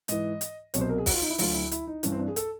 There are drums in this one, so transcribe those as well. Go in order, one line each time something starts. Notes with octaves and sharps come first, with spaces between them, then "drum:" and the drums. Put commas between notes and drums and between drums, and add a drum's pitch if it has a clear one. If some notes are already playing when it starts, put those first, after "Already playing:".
G#2 E3 D#5, drum: hi-hat
drum: hi-hat
C2 B2 F#3 C#5, drum: hi-hat
C5
A#4
G#4
F#4, drum: kick, open hi-hat
F4
D#4
E4
D2 D3 F#3 F4, drum: open hi-hat
E4
E4, drum: hi-hat
D#4
G2 E3 C#4, drum: hi-hat
C4
D4
G#4
A4, drum: hi-hat